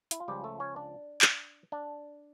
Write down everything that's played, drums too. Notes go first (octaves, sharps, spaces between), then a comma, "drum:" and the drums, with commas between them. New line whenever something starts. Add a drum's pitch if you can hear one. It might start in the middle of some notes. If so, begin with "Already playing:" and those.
E4, drum: hi-hat
F4
C#2 C#3 F3 G3 G4
A3 A4
C#4 C#5
D4 D5
drum: clap
D4 D5